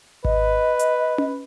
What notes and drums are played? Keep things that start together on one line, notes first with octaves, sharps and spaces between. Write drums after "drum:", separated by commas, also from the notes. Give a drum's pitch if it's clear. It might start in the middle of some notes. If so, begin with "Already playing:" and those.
B4 D#5, drum: kick G#1
drum: hi-hat
drum: tom C#4